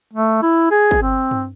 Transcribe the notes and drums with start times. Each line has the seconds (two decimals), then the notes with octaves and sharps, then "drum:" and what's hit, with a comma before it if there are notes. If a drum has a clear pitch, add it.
0.13 A3
0.42 E4
0.71 G#4
0.91 drum: kick
1.02 C4
1.31 drum: tom G2